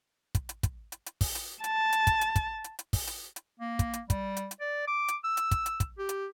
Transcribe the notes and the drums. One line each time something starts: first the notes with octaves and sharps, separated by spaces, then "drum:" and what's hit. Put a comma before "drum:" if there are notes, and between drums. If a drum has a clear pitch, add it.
drum: kick, hi-hat
drum: hi-hat
drum: kick, hi-hat
drum: hi-hat
drum: hi-hat
drum: kick, open hi-hat
drum: hi-hat
A5, drum: hi-hat
drum: hi-hat
drum: kick, hi-hat
drum: hi-hat
drum: kick, hi-hat
drum: hi-hat
drum: hi-hat
drum: kick, open hi-hat
drum: hi-hat
drum: hi-hat
A#3
drum: kick, hi-hat
drum: hi-hat
G3, drum: kick, hi-hat
drum: hi-hat
drum: hi-hat
D5
D6
drum: hi-hat
E6
drum: hi-hat
drum: kick, hi-hat
drum: hi-hat
drum: kick, hi-hat
G4
drum: hi-hat